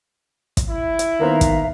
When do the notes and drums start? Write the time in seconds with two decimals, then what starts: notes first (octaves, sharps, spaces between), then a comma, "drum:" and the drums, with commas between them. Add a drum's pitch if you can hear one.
0.57 drum: kick, hi-hat
0.70 E4
0.99 drum: hi-hat
1.20 D#3 A#3 B3 C5 E5 F5 A#5
1.41 drum: kick, hi-hat